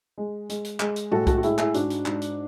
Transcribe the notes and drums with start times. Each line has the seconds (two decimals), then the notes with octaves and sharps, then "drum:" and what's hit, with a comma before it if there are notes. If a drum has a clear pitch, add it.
0.18 G#3
0.49 G#3, drum: hi-hat
0.65 drum: hi-hat
0.80 G#3, drum: clap
0.96 drum: hi-hat
1.11 A2 F#4 A4, drum: tom G3
1.27 F#4 A4, drum: kick B1, hi-hat
1.38 F#4
1.43 G#3 E4 G#4, drum: hi-hat
1.58 E4 G#4, drum: clap
1.74 G#2 D4 F#4, drum: hi-hat
1.90 drum: hi-hat
2.06 G#2, drum: clap
2.22 drum: hi-hat